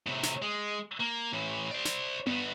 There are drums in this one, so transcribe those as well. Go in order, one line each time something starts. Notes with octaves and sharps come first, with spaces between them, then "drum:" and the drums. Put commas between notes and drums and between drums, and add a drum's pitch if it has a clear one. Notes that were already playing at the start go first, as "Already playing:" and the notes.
A2 C3
drum: snare
G#3
A#3
A2 E3
C5 D5
drum: snare
G2 B3, drum: tom B3